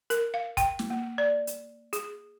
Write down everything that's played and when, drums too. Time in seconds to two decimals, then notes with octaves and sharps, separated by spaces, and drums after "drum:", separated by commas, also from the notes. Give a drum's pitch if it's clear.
0.10 A#4, drum: hi-hat
0.34 F5
0.57 G5, drum: kick, hi-hat
0.79 drum: snare
0.90 A#3
1.18 D5
1.47 drum: hi-hat
1.93 G#4, drum: hi-hat